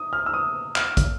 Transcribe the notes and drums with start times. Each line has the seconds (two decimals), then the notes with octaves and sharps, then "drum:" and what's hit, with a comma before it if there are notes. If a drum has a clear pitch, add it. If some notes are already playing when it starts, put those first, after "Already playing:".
Already playing: D#6
0.13 F6
0.26 E6
0.34 D#6
0.76 F6, drum: clap
0.97 drum: kick, hi-hat